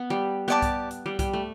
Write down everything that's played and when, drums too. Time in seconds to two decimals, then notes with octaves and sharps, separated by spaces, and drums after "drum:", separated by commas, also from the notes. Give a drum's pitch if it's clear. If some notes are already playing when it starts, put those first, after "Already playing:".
Already playing: B3
0.10 G3
0.48 B3 G4 D5 A5 D6
0.62 drum: kick, hi-hat
0.91 drum: hi-hat
1.06 G3
1.19 G3, drum: kick, hi-hat
1.33 A3